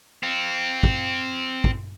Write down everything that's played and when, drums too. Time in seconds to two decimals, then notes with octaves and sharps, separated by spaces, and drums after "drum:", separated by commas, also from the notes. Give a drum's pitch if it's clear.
0.23 C4 F4
0.83 drum: kick
1.64 drum: kick